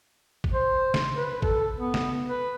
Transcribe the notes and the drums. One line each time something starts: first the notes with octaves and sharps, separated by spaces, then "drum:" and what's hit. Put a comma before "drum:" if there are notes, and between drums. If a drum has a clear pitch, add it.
drum: kick
C5
drum: snare
B4
A4, drum: kick
B3
drum: snare
B4